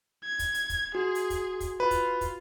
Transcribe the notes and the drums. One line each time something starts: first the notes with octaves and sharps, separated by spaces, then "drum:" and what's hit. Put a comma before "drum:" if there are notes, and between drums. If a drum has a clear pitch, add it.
G#6
drum: kick, hi-hat
drum: hi-hat
drum: kick, hi-hat
F#4 G#4
drum: hi-hat
drum: kick, hi-hat
drum: kick, hi-hat
F4 B4
drum: kick, hi-hat
drum: kick, hi-hat